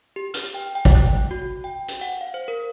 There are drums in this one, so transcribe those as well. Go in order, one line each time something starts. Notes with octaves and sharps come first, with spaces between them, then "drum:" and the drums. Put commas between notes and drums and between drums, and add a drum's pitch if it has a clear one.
G4
F6, drum: hi-hat
G5
G5
drum: kick, hi-hat
F#6
F#4
G5
drum: hi-hat
F#5
F5
C5
A#4